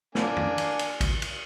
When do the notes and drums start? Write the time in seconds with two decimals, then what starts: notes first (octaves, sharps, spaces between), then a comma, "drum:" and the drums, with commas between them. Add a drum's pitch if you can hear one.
0.15 A#3 D4 G#5, drum: snare
0.36 drum: tom F2
0.58 drum: cymbal
0.79 drum: cymbal
1.01 drum: kick A1, cymbal
1.22 drum: cymbal